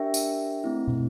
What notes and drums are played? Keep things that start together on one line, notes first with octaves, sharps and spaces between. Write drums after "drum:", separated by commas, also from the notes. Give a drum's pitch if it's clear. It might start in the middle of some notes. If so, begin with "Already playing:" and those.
Already playing: D4 G4 A#4 E5 G5
drum: tambourine
A3 C4 E4
drum: tom